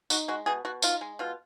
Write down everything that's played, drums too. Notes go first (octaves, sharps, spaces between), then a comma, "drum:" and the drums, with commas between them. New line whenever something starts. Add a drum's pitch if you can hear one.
D#4 F#4, drum: tambourine
G#3 F#4
B2 G#4
B2 F#4
D#4 F4, drum: tambourine
G#3
B2 F4